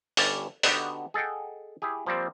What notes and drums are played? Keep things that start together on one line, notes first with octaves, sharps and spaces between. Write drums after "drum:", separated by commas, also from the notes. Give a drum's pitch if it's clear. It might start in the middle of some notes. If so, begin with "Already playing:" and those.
G1 G2 C#4 D5, drum: open hi-hat
D3 B3 D4 D#4 F#4 G4, drum: open hi-hat
G#4 A4 D#5 F#5 G5
E4 G4 G#4
F3 G3 A#3 C4